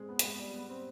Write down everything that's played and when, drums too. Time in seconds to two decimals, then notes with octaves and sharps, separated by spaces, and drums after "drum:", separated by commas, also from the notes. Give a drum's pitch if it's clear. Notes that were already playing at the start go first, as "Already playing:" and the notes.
Already playing: G#3 C4
0.09 B3
0.19 B3, drum: hi-hat
0.24 G#3
0.39 G3
0.54 B3
0.69 C4